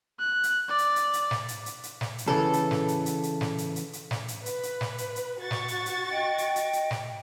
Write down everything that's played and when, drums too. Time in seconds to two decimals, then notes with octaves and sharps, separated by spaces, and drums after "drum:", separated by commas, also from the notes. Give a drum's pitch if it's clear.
0.20 F#6
0.43 drum: hi-hat
0.69 D5
0.78 drum: hi-hat
0.96 drum: hi-hat
1.13 drum: hi-hat
1.31 drum: snare
1.48 drum: hi-hat
1.66 drum: hi-hat
1.83 drum: hi-hat
2.01 drum: snare
2.18 drum: hi-hat
2.28 C#3 E3 A4
2.53 drum: hi-hat
2.71 drum: snare
2.88 drum: hi-hat
3.06 drum: hi-hat
3.23 drum: hi-hat
3.41 drum: snare
3.58 drum: hi-hat
3.76 drum: hi-hat
3.93 drum: hi-hat
4.11 drum: snare
4.28 drum: hi-hat
4.46 B4, drum: hi-hat
4.63 drum: hi-hat
4.81 drum: snare
4.98 drum: hi-hat
5.16 drum: hi-hat
5.40 F#4 C#6 A6
5.51 drum: snare
5.68 drum: hi-hat
5.86 drum: hi-hat
6.12 D#5 G5
6.38 drum: hi-hat
6.56 drum: hi-hat
6.73 drum: hi-hat
6.91 drum: snare